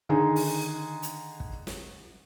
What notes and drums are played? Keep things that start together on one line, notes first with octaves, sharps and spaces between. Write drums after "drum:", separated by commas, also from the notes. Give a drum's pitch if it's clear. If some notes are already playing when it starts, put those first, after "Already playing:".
D3 D#3 D#4 G#4
drum: open hi-hat
drum: hi-hat
drum: kick
drum: snare